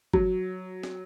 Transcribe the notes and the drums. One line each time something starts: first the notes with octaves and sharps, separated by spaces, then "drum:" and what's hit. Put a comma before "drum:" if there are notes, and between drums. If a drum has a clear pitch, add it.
F#3, drum: kick G1
drum: snare